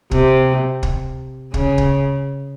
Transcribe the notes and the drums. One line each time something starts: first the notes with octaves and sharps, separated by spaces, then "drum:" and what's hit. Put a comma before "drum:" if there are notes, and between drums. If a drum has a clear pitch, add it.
C3, drum: kick
drum: kick
C#3, drum: kick
drum: kick